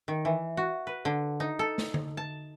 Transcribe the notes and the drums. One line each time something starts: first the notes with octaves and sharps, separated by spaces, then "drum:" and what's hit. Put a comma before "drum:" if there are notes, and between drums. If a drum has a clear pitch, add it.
D#3
E3
F#4
B4
D3
D#4
A4
drum: snare
drum: tom D3
A5